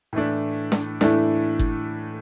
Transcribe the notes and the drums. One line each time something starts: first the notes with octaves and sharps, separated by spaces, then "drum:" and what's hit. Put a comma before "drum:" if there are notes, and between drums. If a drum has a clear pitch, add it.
A2 E3 A3 D4
drum: snare
A2 E3 A3 D4, drum: snare
drum: kick G1